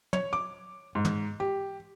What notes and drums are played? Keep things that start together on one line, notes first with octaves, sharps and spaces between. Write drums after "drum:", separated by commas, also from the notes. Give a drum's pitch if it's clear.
C#5, drum: tom
D6
G#2
drum: tom
G4